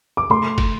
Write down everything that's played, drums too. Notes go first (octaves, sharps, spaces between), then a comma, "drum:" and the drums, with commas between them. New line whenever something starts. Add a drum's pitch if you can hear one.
D6
A3 C6, drum: tom C3
drum: kick, cymbal